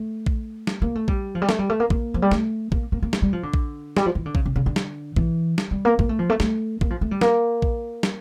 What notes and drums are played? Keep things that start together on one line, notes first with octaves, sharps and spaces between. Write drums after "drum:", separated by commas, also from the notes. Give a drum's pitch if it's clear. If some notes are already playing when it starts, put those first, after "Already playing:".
Already playing: A3
drum: kick A#1
drum: snare
A#3
A3
G3, drum: kick A#1
F3
G3
A3, drum: snare
G3
A3
A#3
A#3, drum: kick A#1
F3
G3
A3, drum: snare
A#3, drum: kick A#1
A#3
A#3
A3, drum: snare
G3
F3
D3
drum: kick A#1
G3, drum: snare
F3
E3
D3
C#3, drum: kick A#1
C#3
C#3
D3
drum: snare
E3, drum: kick A#1
drum: snare
G3
A#3
A#3, drum: kick A#1
A3
F3
A3
A3, drum: snare
A#3, drum: kick A#1
F3
A3
G3
A#3, drum: snare
drum: kick A#1
drum: snare